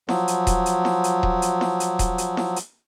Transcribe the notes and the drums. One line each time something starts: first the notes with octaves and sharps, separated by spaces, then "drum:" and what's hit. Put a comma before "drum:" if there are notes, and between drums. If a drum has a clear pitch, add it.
F3 F#3, drum: snare E4
drum: hi-hat
drum: kick D#1, hi-hat
drum: hi-hat
drum: snare E4
drum: hi-hat
drum: kick D#1
drum: hi-hat
drum: snare E4
drum: hi-hat
drum: kick D#1, hi-hat
drum: hi-hat
drum: snare E4
drum: hi-hat